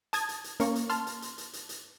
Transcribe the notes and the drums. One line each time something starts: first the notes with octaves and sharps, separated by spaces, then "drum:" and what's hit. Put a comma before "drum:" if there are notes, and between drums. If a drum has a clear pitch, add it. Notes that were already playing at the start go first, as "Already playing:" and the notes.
A5 D#6 G#6 A6, drum: hi-hat
drum: hi-hat
drum: hi-hat
A#3 C#4 C#6, drum: hi-hat
drum: hi-hat
A5 C6 F6, drum: hi-hat
drum: hi-hat
drum: hi-hat
drum: hi-hat
drum: hi-hat
drum: hi-hat